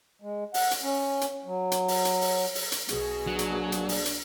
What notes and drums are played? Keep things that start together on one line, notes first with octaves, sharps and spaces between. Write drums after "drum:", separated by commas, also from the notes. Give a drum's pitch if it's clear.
G#3
F#5, drum: open hi-hat
drum: hi-hat
C#4
drum: hi-hat
F#3
drum: hi-hat
drum: open hi-hat
drum: hi-hat
drum: open hi-hat
drum: open hi-hat
drum: hi-hat
B1 B2 F#4 G#4, drum: hi-hat
F#3 A#3 D4
drum: hi-hat
drum: hi-hat
drum: open hi-hat
drum: hi-hat